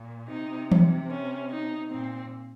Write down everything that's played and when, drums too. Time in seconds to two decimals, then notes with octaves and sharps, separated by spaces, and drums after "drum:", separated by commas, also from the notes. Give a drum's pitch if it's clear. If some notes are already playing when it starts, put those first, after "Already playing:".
Already playing: A#2
0.28 C3 D#4
0.72 drum: tom E3
1.10 C#4
1.50 D#4
1.91 A#2 C4